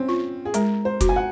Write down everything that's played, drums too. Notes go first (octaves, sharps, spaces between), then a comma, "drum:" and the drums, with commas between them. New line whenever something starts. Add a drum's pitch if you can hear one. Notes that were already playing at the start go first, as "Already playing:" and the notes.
Already playing: C4 C#4
F4
G#4
G#3 A#4, drum: hi-hat
C5
F#4, drum: kick, hi-hat
G#5
F#5